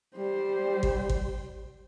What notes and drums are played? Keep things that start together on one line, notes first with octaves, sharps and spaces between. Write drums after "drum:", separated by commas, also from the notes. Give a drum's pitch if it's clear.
G3 C5
drum: kick G#1
drum: kick G#1